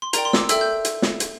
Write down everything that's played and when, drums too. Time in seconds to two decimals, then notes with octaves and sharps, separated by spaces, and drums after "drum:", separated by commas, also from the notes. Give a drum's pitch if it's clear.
0.02 C6
0.13 A#4 D5 G5 A#5, drum: hi-hat
0.25 C6
0.33 E6, drum: snare
0.37 D6
0.49 A4 E5 G5 E6, drum: hi-hat
0.61 G6
0.85 drum: hi-hat
1.02 drum: snare
1.20 drum: hi-hat